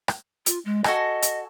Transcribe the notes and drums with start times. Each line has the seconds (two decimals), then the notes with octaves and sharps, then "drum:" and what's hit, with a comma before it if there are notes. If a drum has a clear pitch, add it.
0.08 drum: rim click
0.46 F4, drum: hi-hat
0.65 G#3
0.84 F#4 A4 D#5 G#5, drum: rim click
1.22 drum: hi-hat